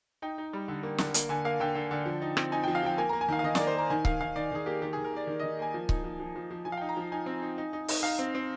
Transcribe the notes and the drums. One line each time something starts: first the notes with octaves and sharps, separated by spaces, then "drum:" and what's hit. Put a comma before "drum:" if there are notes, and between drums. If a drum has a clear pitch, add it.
D#4 G5
D#4
G3
D3
A#3
D3, drum: snare
A#3, drum: hi-hat
D3 G#5
A#3 F5
D3 G5
D3
D3
F3
D#4
C4, drum: rim click
D#4 G#5
G5
F3
F5
F3 G5
A#3 G#5
A#5
A#3
G#5
D#3 F5
F5
D#3 D#5
D5, drum: snare
A#3
C5
A#3 A#5
D#3 G#5
D#3 F5, drum: kick C#1
D#3 F5
D#3 D5
D#3 G#4
A#3 G4
D#3 G4
G#4
D#3
A#4
A#3 D5
D#3
D#5
D#3
A#3 G#5
F3
D#4, drum: kick C#1
F3
F3
F3
F3
F3 G#5
F5
G5
D#4
A#5
F3
D#4 G#5
C4
D#4
D#4
D#4
D#4, drum: open hi-hat
D#4 F5
C4
C4